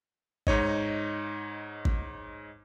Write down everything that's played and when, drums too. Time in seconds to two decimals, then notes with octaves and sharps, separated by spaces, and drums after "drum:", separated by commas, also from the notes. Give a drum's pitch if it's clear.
0.47 G#2 D#4 C#5 D#5, drum: kick G#1
1.85 drum: kick G#1